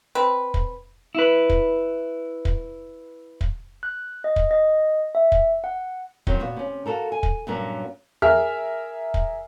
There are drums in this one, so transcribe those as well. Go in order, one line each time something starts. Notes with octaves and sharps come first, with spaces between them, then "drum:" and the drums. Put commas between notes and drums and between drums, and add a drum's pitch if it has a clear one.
C4 B4
drum: kick
E4 B4
drum: kick
drum: kick
drum: kick
F#6
D#5
drum: kick
D#5
E5
drum: kick
F#5
D#3 F3 F#3 C4, drum: kick
A#2 B3 F#4
C3 C#4
F4 F#4 A4 A#4
G#5
drum: kick
G2 A#2 F#3 B3 C#4 A#4
G#4 A#4 E5 F6
drum: kick